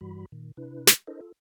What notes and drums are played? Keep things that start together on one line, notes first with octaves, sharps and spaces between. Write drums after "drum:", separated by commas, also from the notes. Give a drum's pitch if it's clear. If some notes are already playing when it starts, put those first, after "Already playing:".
G2 E3 G3 F#4 B5
A#2 D#3
C3 D4 E4 B4
drum: snare
D4 E4 A4 A#4 C5 D#5
F4 A4